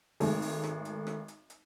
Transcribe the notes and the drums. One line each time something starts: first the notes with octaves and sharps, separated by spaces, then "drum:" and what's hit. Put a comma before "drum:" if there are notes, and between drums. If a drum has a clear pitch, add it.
G#1 G#3 A3, drum: open hi-hat
drum: open hi-hat
drum: rim click
drum: hi-hat
drum: rim click
drum: hi-hat
drum: hi-hat